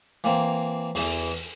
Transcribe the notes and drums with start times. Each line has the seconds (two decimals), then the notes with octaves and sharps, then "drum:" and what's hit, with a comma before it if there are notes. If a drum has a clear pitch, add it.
0.24 E3 A#3 C4
0.95 E2 E3, drum: open hi-hat